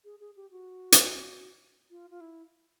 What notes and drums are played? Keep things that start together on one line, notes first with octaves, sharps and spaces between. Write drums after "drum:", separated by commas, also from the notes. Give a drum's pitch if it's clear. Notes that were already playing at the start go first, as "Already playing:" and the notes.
G#4
G#4
G4
F#4
drum: hi-hat
F4
F4
E4